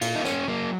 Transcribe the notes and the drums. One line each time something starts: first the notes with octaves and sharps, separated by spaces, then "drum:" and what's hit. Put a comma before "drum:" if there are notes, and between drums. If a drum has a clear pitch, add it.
A#3 F4, drum: cymbal
D#4
C#4, drum: snare
F#3 A#3